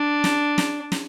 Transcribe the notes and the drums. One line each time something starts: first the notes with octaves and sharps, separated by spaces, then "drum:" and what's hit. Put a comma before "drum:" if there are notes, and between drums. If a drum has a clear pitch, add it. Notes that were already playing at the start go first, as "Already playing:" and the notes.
Already playing: D4
drum: snare
drum: snare
drum: snare